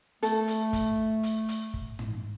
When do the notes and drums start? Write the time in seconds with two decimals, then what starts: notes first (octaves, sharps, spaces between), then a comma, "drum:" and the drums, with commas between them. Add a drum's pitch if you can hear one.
0.23 A3 A4, drum: hi-hat
0.48 drum: hi-hat
0.73 drum: kick, hi-hat
1.23 drum: hi-hat
1.49 drum: hi-hat
1.74 drum: kick
1.99 drum: tom